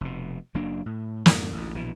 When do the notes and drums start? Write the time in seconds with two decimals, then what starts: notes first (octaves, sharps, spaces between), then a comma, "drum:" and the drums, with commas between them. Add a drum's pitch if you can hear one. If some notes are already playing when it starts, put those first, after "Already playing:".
0.01 F1 B2
0.54 F#1 F#3 A#3 D4
0.86 A2
1.26 F2 G#2 B2 D3, drum: snare
1.53 A1 D2
1.74 A#1 B2 E3